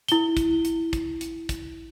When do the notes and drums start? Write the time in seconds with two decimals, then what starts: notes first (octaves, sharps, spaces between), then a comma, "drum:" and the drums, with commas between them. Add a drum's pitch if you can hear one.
0.08 E4 G7, drum: hi-hat
0.37 drum: kick, hi-hat
0.65 drum: hi-hat
0.93 drum: kick, hi-hat
1.21 drum: hi-hat
1.49 drum: kick, hi-hat